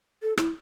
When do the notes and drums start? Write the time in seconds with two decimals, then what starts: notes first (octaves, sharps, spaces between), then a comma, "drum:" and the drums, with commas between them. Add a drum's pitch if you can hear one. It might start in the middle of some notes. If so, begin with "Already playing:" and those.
0.23 A4
0.37 E4, drum: rim click